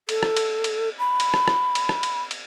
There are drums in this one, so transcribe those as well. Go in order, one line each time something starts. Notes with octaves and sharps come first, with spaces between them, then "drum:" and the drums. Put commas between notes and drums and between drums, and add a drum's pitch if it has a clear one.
A4, drum: cymbal
drum: rim click
drum: cymbal
drum: cymbal
B5
drum: cymbal
drum: rim click
drum: rim click
drum: cymbal
drum: rim click
drum: cymbal
drum: cymbal